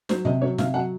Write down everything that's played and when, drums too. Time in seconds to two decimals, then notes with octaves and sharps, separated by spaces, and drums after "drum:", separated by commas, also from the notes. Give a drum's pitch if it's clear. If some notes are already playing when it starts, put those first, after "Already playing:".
0.09 F#3 C5, drum: snare
0.25 C3 D#5
0.41 F#3 C#5
0.58 C3 F5, drum: snare
0.74 F#3 F#5